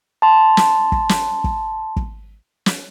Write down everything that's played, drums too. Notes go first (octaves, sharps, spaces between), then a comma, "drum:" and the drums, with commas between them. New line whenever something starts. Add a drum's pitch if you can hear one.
A5 C6
drum: snare
drum: kick
drum: snare
drum: kick
drum: kick
drum: snare